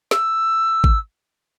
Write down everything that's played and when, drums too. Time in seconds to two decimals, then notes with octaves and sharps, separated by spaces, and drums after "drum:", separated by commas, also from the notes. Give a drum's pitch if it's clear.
0.11 E6, drum: snare
0.84 drum: kick G#1